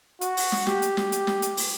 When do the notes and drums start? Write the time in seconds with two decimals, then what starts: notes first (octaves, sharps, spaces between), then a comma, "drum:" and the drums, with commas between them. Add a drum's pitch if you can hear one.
0.21 F#4, drum: hi-hat
0.37 drum: open hi-hat
0.52 drum: snare
0.67 G4, drum: snare
0.82 drum: hi-hat
0.97 drum: snare
1.12 drum: hi-hat
1.27 drum: snare
1.42 drum: hi-hat
1.57 drum: open hi-hat